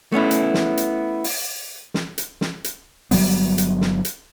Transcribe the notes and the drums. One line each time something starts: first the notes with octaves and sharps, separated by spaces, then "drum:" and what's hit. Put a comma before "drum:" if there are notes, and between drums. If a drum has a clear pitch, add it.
A3 B3 C#4 E4
drum: hi-hat
drum: snare
drum: hi-hat
drum: open hi-hat
drum: snare
drum: hi-hat
drum: snare
drum: hi-hat
G1 F#3 G3 B3, drum: open hi-hat
drum: hi-hat
drum: snare
drum: hi-hat